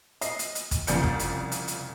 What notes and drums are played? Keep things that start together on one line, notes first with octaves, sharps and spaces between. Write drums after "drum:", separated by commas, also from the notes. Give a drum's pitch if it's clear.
D#5 C7, drum: hi-hat
drum: hi-hat
drum: hi-hat
drum: kick, hi-hat
C2 F2 C#3 D5 G6 C#7, drum: hi-hat
drum: kick
drum: hi-hat
drum: hi-hat
drum: hi-hat